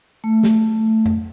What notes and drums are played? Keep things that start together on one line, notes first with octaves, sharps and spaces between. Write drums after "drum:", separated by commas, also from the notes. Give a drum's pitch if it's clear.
A3
drum: snare
drum: tom F2